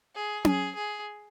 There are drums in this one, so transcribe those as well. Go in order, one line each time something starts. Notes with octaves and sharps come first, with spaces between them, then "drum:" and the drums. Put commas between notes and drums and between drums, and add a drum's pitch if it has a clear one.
G#4
G#4, drum: tom C#4
G#4